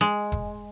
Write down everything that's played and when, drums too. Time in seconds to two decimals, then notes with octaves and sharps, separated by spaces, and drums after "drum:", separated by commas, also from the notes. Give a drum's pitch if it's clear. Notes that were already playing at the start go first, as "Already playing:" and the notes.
0.01 G#3
0.32 drum: kick F1, hi-hat